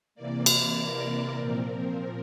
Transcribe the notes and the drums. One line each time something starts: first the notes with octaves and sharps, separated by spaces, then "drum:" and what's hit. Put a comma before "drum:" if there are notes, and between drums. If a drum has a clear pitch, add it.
C3 E3 A#3 D5
drum: cymbal
A#4
A#2 F3 C4